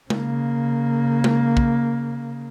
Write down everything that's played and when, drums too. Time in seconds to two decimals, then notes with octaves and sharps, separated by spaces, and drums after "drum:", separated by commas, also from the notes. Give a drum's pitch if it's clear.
0.10 C#3 A#3, drum: tom G#3
1.24 drum: tom G#3
1.57 drum: kick